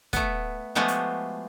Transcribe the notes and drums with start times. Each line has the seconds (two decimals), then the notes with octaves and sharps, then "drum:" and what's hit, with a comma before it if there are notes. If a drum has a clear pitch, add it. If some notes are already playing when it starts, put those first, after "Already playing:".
0.13 A3 B3, drum: kick, hi-hat
0.75 F3 G#3 A3 B3 F#4 G4
0.88 drum: hi-hat